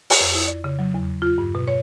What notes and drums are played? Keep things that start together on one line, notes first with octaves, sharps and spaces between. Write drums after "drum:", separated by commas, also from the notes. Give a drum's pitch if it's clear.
drum: open hi-hat
F2
E4
D5
C#3
F#3
E2
F4
G2
B2
C#5